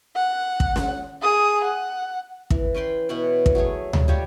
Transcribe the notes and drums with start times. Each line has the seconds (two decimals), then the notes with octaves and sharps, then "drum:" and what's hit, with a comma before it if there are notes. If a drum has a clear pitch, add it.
0.16 F#5
0.60 drum: kick
0.76 drum: snare
1.21 G#4 D#6
1.64 F#5
2.50 E3, drum: kick
2.75 C#4 B4 G5 C6
3.09 B2 E3 C#5 F#5
3.46 drum: kick
3.55 F#3 A3 G#4 C#5
3.93 drum: tom D2
4.08 G3 F4 G4 C#5